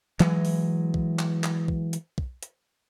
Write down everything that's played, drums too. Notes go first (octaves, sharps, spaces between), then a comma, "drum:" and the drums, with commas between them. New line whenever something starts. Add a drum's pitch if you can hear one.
E3 F#3 G#3, drum: clap
drum: open hi-hat
drum: kick
drum: clap
drum: clap
drum: kick
drum: hi-hat
drum: kick
drum: hi-hat